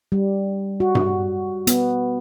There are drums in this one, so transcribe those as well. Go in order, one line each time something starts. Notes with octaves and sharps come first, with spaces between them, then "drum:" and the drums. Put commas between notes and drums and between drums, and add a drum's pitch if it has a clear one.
G3
F#4
drum: tom G2
B3, drum: hi-hat